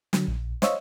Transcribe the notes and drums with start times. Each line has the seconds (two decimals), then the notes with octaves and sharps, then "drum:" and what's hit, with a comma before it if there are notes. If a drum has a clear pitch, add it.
0.13 D3 F#3, drum: snare
0.28 A#1
0.62 C5 C#5 D#5 F5 C#6 E6, drum: snare